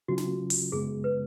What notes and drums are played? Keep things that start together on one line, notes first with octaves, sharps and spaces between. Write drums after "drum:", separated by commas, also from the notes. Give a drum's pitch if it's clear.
C#3 F#3 C#4 F4 F#4
drum: snare
drum: open hi-hat
F#2 C#3 G#3 B3 G#4
B4